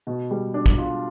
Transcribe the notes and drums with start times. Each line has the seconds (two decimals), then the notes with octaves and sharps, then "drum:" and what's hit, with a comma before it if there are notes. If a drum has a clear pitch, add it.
0.07 B2
0.31 G3
0.54 D4
0.66 drum: kick
0.78 F4